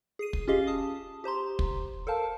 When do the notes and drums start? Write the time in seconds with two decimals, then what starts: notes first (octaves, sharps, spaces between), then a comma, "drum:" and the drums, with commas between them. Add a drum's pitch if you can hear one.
0.19 G#4 C7 D#7
0.33 drum: kick
0.48 C#4 F4 G4 G#4 D#5 F5
0.67 A5 D#6
1.24 G4 C5 A#5 C6
1.59 drum: kick
2.07 A4 A#4 C5 F5 A5